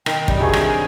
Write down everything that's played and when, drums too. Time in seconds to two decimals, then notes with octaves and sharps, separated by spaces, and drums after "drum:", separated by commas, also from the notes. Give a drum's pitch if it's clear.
0.06 D#3 G5, drum: rim click
0.28 G3 D#4, drum: kick
0.39 G2 C3 F#3 G#4
0.53 G4, drum: rim click